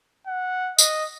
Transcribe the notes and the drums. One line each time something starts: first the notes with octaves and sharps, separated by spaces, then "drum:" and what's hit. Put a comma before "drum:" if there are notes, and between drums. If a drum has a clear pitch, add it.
F#5
D#5, drum: tambourine